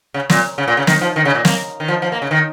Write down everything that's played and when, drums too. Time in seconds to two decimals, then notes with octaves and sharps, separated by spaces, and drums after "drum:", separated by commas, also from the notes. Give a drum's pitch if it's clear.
0.14 C#3
0.29 A#2, drum: snare
0.58 C#3
0.68 A#2
0.77 C#3
0.87 D#3, drum: snare
1.01 F3
1.16 D#3
1.25 C#3
1.35 A#2
1.45 A#3, drum: snare
1.80 D#3
1.88 F3
2.02 F3
2.12 A#3
2.22 C#3
2.31 D#3